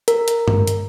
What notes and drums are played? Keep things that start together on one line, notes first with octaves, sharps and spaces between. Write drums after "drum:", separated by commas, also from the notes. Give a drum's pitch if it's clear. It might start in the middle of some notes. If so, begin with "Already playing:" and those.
A#4, drum: hi-hat
drum: hi-hat
drum: tom G2
drum: hi-hat